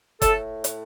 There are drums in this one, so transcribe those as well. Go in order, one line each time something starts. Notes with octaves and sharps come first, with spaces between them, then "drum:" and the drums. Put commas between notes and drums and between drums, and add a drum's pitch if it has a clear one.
A2 A4, drum: kick F#1, hi-hat
drum: hi-hat